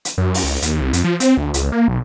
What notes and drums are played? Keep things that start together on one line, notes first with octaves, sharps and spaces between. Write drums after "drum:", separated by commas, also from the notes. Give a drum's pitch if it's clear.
drum: hi-hat
F#2
drum: open hi-hat
C#2
D#2, drum: hi-hat
C2
F2, drum: hi-hat
F3
C4, drum: hi-hat
D2
C#2, drum: hi-hat
A#3
B1